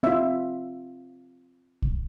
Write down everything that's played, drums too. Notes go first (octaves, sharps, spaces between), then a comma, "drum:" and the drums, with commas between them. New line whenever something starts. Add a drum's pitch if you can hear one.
C4 F4 E5
drum: kick